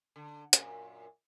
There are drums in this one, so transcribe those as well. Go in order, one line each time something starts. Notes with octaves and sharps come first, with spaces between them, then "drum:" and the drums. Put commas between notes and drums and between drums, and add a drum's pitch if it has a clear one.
D3
F#2 A#2, drum: hi-hat